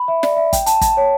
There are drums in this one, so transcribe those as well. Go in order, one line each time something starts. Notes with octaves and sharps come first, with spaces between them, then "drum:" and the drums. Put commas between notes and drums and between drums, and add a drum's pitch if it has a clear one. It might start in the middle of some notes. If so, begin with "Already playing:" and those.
Already playing: B5
E5
D5, drum: snare
E5
G5, drum: kick, hi-hat
A5, drum: hi-hat
A5, drum: kick, hi-hat
C#5